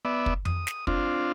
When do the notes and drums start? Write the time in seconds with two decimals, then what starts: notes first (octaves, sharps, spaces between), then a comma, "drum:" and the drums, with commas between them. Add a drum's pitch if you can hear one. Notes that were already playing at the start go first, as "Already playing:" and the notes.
0.05 B3 D5 E5
0.26 drum: kick
0.45 D#6, drum: tom F2
0.67 drum: snare
0.87 C4 D4 F4, drum: kick